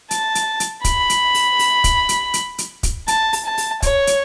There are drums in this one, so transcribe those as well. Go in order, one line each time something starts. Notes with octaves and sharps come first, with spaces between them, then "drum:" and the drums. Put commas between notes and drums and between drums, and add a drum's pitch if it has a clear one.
A5, drum: hi-hat
drum: hi-hat
drum: hi-hat
B5, drum: kick, hi-hat
drum: hi-hat
drum: open hi-hat
drum: open hi-hat
drum: kick, hi-hat
drum: hi-hat
drum: hi-hat
drum: hi-hat
drum: kick, hi-hat
A5, drum: hi-hat
drum: open hi-hat
A5
drum: open hi-hat
C#5, drum: kick, hi-hat
drum: hi-hat